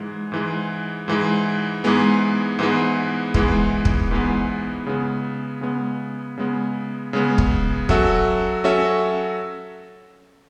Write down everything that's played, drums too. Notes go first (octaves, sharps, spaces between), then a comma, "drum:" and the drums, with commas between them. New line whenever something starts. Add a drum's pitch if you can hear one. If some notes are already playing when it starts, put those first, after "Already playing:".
Already playing: G#2 E3 G#3
G#2 E3 G#3
G#2 E3 G#3
G#2 E3 G#3 B3
G#2 E3 G#3 B3
G#2 E3 G#3 B3, drum: kick
drum: kick
G#2 E3 G#3 B3
C#3 G#3 B3
C#3 G#3 B3
C#3 G#3 B3
C#3 G#3 B3
drum: kick
F#3 C#4 F#4 A4 E5, drum: kick
F#3 C#4 F#4 A4 E5